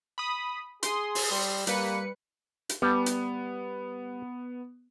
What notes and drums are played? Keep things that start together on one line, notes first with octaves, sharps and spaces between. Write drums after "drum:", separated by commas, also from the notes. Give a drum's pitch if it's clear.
B5 D#6
G#4 C6 D#6, drum: hi-hat
drum: open hi-hat
G3
G3 A#3 B4 C#7, drum: hi-hat
drum: hi-hat
G3 B3 A5
drum: hi-hat